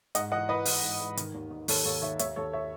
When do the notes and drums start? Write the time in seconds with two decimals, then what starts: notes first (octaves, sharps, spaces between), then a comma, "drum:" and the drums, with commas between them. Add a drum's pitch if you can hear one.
0.15 G#2 D#5 F#5, drum: hi-hat
0.32 E3 D#5 F#5
0.49 E3 B4 D#5
0.65 E3, drum: open hi-hat
0.82 G#2
1.00 G#2
1.17 D#3, drum: hi-hat
1.34 D#2
1.51 D#3
1.68 D#2 A4 C#5, drum: open hi-hat
1.85 D#2 A4 C#5
2.02 D#3 C#5 E5
2.19 D#2 C#5 E5, drum: hi-hat
2.36 D#2 A4 C#5
2.53 C#5 E5